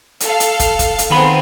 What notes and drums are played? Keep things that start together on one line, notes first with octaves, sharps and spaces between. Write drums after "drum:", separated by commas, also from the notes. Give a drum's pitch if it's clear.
A4 F5, drum: hi-hat
drum: hi-hat
drum: kick, hi-hat
drum: kick, hi-hat
drum: hi-hat
D#3 B3 C4 F4 G#4 B5